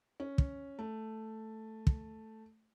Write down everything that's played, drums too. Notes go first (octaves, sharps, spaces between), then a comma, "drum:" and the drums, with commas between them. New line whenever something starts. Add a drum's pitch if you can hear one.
C#4
drum: kick
A3
drum: kick